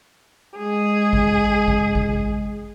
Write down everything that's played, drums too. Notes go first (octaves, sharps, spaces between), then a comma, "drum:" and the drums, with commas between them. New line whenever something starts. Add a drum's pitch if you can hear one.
G#3 G#4
drum: kick G#1
drum: kick G#1
drum: kick G#1